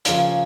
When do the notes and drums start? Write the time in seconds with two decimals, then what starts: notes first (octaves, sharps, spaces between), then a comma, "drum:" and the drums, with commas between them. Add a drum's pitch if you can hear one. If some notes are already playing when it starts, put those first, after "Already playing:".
0.05 C#3 F3 A#3 C#4, drum: hi-hat